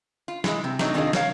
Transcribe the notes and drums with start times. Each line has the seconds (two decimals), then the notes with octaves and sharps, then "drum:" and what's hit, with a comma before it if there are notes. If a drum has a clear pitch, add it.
0.28 F4
0.44 E3 G#3, drum: snare
0.64 C3
0.79 F#3 A3 C4 D4 D#4, drum: snare
0.94 C3 D#3 D4 F4 G#4 D#5
1.13 A#4 C#5 F5, drum: snare